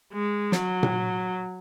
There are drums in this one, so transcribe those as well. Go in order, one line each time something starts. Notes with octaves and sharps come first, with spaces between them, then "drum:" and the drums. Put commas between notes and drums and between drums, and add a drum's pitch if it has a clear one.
G#3
F#3, drum: snare
drum: tom A#2